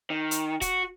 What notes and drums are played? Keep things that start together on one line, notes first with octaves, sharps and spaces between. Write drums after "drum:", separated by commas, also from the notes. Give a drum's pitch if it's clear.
D#3
drum: hi-hat
F#4, drum: kick, hi-hat